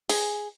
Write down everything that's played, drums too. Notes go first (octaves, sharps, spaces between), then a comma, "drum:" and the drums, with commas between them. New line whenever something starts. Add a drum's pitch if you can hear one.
G#4, drum: open hi-hat